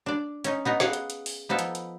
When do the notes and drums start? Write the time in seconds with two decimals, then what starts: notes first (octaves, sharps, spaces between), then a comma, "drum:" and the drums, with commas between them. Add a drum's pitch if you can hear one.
0.06 D4 D5
0.44 C#4 D#4, drum: hi-hat
0.65 B3 D#4 D#5
0.80 G#4 F5 F#5, drum: snare
0.93 drum: hi-hat
1.10 drum: hi-hat
1.26 drum: open hi-hat
1.49 F3 B3 D#4 A4
1.59 drum: hi-hat
1.75 drum: hi-hat